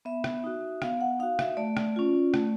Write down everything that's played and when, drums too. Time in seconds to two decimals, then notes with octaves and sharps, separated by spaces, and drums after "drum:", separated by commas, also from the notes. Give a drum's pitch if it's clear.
0.05 B3 E5
0.24 drum: rim click
0.44 D#4 F#4
0.82 B3 F5, drum: rim click
1.01 F#5
1.19 D#4 F#4 F5
1.39 E5, drum: rim click
1.57 A3 D5
1.77 drum: rim click
1.96 C#4 F4
2.34 A3, drum: rim click